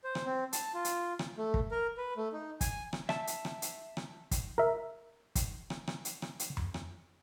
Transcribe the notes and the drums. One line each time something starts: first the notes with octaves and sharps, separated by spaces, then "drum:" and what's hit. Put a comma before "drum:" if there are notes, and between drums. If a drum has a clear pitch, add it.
C5
drum: rim click
C4
A5, drum: hi-hat
F4
drum: hi-hat
drum: rim click
A3
drum: kick
A#4
B4
A3
D#4
G#5, drum: kick, hi-hat
drum: rim click
E5 A5, drum: rim click
drum: hi-hat
drum: rim click
drum: hi-hat
drum: rim click
drum: kick, hi-hat
A#4 E5
drum: kick, hi-hat
drum: rim click
drum: rim click
drum: hi-hat
drum: rim click
drum: hi-hat
drum: tom F2
drum: rim click